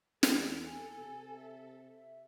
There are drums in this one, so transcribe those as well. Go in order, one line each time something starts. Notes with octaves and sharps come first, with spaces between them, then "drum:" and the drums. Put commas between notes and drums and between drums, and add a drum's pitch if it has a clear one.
E2 A4, drum: snare
G#5
C3
E5